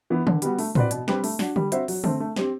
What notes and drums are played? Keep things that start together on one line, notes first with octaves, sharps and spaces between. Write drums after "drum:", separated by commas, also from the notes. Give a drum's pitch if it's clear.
E3 B3
D3, drum: tom D#3
G3 B3 F#4, drum: hi-hat
A3, drum: open hi-hat
C4 F#4 B4 D5, drum: tom A2
B2, drum: hi-hat
G3 C4 G4 B4, drum: snare
A3, drum: open hi-hat
D4 F#4, drum: snare
G3, drum: tom D3
C4 F#4 C5 E5, drum: hi-hat
F#3, drum: open hi-hat
A3 C4, drum: tom D3
A3
C4 G4 C5, drum: snare